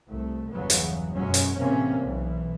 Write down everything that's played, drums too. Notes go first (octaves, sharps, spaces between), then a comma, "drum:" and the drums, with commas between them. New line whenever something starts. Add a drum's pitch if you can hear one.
C2 A3
G1 E2 C#3 E3 F#3 B3
drum: hi-hat
G1 F#2 B2 F#3 G#3 C#4
drum: hi-hat
A2 C3 E3 A#3 C4 C#4
B1 E3